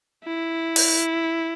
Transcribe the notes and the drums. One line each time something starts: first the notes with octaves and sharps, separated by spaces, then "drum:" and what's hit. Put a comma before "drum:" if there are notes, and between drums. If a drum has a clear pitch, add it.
E4
drum: open hi-hat